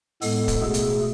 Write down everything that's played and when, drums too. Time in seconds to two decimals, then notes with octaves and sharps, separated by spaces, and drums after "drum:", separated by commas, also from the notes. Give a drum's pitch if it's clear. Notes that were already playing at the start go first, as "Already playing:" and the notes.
0.22 A2 G#3 B3 A4, drum: open hi-hat
0.48 drum: kick, hi-hat
0.61 B2 A3 G#4
0.74 drum: hi-hat